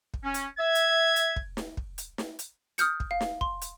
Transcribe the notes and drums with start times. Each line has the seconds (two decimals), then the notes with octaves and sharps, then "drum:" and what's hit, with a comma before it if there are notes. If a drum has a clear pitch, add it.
0.14 drum: kick
0.24 C#4
0.34 drum: hi-hat
0.59 E5 G#6
0.75 drum: hi-hat
1.16 drum: hi-hat
1.36 drum: kick
1.57 drum: snare
1.77 drum: kick
1.98 drum: hi-hat
2.18 drum: snare
2.39 drum: hi-hat
2.78 D#6 F6 G6 C#7, drum: hi-hat
3.00 drum: kick
3.11 F5
3.21 drum: snare
3.41 C6, drum: kick
3.61 drum: hi-hat